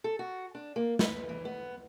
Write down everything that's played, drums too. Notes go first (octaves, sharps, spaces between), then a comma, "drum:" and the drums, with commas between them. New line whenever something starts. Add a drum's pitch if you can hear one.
A4
F#4
D4
A#3
B4, drum: snare
E3
B3